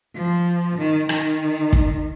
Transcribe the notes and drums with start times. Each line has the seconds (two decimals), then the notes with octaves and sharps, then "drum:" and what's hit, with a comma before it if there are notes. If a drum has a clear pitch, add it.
0.15 F3
0.78 D#3
1.09 D#3, drum: rim click
1.73 drum: kick